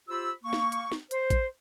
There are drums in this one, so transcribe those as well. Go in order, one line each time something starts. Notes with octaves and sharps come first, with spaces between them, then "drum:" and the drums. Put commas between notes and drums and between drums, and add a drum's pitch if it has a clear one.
F4 G4 C5 B5 E6
A#3 C#6
drum: snare
drum: hi-hat
drum: snare
C5, drum: hi-hat
drum: kick A1, hi-hat